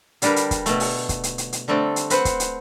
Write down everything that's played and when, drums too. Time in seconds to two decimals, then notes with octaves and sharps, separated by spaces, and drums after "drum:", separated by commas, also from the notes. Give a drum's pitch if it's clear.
0.22 D3 G3 D4 G4 A#4 B4, drum: hi-hat
0.36 drum: hi-hat
0.51 drum: kick, hi-hat
0.66 B2 A3, drum: hi-hat
0.80 drum: open hi-hat
1.09 drum: kick, hi-hat
1.23 drum: hi-hat
1.38 drum: hi-hat
1.53 drum: hi-hat
1.68 D3 G3 A3 C4 D4
1.96 drum: hi-hat
2.10 C4 B4 C5 F#5, drum: hi-hat
2.25 drum: kick, hi-hat
2.40 drum: hi-hat